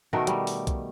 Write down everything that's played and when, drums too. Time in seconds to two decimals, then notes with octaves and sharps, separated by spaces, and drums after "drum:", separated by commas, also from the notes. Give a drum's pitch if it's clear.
0.13 B2 D#3 A3 A#4
0.27 G3, drum: hi-hat
0.47 drum: open hi-hat
0.67 drum: kick B1, hi-hat